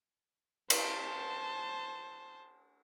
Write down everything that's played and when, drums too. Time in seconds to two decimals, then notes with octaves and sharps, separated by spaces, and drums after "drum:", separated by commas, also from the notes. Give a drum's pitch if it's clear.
0.70 C5 A5, drum: cymbal